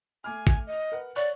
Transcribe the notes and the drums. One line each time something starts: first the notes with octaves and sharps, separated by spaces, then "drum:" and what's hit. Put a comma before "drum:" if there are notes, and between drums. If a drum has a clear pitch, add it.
A3 G#5 D6 F6
drum: kick
D#5
A#4 B4 F#5
C#5 D5 F#5 C#6 F#6